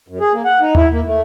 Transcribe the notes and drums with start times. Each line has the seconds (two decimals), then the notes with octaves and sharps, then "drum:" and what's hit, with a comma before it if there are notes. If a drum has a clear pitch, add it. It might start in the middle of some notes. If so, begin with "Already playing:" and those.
0.08 F#2
0.20 G#4
0.33 A#3
0.45 F#5
0.60 D#4
0.75 E4, drum: tom D#2
0.92 A#3
1.06 A3